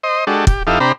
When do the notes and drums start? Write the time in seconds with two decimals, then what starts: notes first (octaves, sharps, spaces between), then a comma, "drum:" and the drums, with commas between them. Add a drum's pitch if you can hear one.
0.03 C5 D#5
0.27 G#3 D4 F#4 G4 A4
0.47 G4, drum: kick
0.67 F2 D#4 E4 G4 A4 F5
0.80 C3 D4 G4 C5 A#5 B5